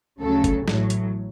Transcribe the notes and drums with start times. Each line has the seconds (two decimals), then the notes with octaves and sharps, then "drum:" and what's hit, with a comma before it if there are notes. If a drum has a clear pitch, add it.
0.21 D2 C#3 F#3 A4
0.44 drum: kick, hi-hat
0.68 A1 A2 F#3, drum: snare
0.90 drum: hi-hat